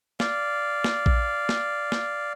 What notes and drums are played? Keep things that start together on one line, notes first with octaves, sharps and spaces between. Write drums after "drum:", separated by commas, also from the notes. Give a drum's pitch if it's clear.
D5 F5, drum: snare
drum: snare
drum: kick A#1
drum: snare
drum: snare